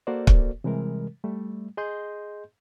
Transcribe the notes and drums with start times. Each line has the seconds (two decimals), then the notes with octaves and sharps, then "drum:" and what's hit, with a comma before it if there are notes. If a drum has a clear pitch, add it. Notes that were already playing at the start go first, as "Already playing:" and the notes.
0.07 A#3 F#4 A4 A#4 C5 D5
0.27 drum: kick
0.64 C3 E3 G3 G#3 A#4
1.24 G3 A3
1.77 G#4 D#5 C6 G6